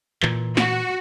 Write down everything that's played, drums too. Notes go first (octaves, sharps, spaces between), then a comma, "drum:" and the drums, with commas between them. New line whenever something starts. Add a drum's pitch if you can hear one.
A#2 E3, drum: clap
F#4, drum: snare